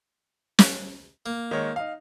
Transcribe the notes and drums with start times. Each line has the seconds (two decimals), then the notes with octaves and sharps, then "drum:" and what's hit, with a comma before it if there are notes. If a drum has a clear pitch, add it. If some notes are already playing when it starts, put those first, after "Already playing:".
0.59 drum: snare
1.26 A#3
1.51 D#3 G#3 C#5
1.76 D#4 F5